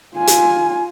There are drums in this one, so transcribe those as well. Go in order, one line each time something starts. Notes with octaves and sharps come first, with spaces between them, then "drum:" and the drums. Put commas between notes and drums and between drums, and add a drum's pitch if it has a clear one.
F4 G#5
drum: hi-hat